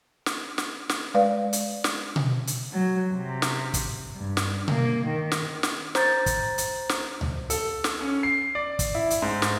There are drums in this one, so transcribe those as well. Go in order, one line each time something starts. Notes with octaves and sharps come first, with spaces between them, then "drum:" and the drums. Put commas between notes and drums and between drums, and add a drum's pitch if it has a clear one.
drum: snare
drum: snare
drum: snare
G#3 B4 D5 F5
drum: hi-hat
drum: snare
drum: tom B2
drum: hi-hat
F#3
C3
drum: snare
drum: kick, hi-hat
G2
drum: snare
A#3, drum: tom B2
D#3
drum: snare
drum: snare
C5 A#5 G6 A6, drum: snare
drum: kick, hi-hat
drum: hi-hat
drum: snare
drum: tom C#2
A4, drum: hi-hat
drum: snare
C#4
C7
D5
drum: kick, hi-hat
E4
drum: hi-hat
G#2
drum: snare